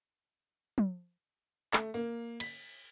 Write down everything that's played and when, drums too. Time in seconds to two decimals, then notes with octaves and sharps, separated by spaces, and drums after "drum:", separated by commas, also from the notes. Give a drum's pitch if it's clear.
0.78 drum: tom
1.73 A3, drum: clap
1.94 A#3
2.40 B6, drum: cymbal